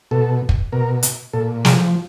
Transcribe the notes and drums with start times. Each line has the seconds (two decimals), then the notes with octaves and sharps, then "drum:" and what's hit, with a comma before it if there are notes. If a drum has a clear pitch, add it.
0.11 B2 A4
0.49 drum: kick
0.72 B2 A#4
1.03 drum: hi-hat
1.33 A#2 A4
1.65 F3 G#4, drum: snare